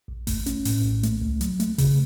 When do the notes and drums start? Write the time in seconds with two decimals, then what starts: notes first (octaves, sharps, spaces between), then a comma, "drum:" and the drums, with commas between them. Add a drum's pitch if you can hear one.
0.08 A#1
0.27 A3, drum: kick G1, open hi-hat
0.46 C#4, drum: hi-hat
0.65 A2, drum: open hi-hat
0.84 A#1
1.03 A3, drum: hi-hat
1.21 C#2
1.41 F#3, drum: hi-hat
1.60 A3, drum: hi-hat
1.78 C#3, drum: kick G1, open hi-hat